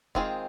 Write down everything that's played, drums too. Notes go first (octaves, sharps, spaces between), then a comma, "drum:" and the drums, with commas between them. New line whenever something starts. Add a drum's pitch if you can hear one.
D#3 G#3 C4 F4 G#4, drum: kick F1